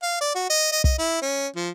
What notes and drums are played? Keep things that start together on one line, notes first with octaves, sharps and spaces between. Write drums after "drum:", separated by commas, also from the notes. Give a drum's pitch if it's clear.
F5
D5
F#4
D#5
D#5
D#5, drum: kick
E4
C#4
F3